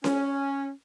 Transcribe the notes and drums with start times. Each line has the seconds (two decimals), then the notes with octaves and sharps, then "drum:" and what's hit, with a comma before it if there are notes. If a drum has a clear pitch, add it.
0.04 C#4, drum: snare C#4